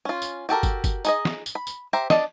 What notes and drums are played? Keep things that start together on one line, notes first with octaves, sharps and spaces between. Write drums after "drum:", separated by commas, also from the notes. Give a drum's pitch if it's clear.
C#4 F4
drum: tambourine
F#4 G4 A4 A#4
drum: kick, tambourine
drum: kick, tambourine
D#4 G#4 D#5, drum: tambourine
drum: snare
drum: tambourine
B5
drum: tambourine
G4 C5 E5 A#5
D4 D5 D#5, drum: snare